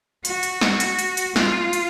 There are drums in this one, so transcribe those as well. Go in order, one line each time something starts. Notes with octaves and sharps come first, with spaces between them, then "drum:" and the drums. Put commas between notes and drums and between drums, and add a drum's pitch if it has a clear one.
F#4, drum: hi-hat
drum: hi-hat
drum: snare
drum: hi-hat
drum: hi-hat
drum: hi-hat
F4, drum: snare
drum: hi-hat